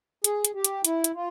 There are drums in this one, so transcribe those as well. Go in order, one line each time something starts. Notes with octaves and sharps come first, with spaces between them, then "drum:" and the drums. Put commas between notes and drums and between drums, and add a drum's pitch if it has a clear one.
G#4, drum: hi-hat
drum: hi-hat
G4
drum: hi-hat
E4, drum: hi-hat
drum: hi-hat
F4